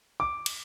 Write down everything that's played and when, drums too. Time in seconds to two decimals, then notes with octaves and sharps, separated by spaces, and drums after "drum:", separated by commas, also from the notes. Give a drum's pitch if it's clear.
0.20 D6
0.46 drum: cymbal